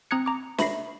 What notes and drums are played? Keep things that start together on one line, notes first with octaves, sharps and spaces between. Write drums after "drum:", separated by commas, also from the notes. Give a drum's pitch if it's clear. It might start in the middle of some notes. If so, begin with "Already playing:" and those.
C4 A#5 D#6 F#6 G#6 C#7
A#5 D6
E5 B5 A#6 C7, drum: snare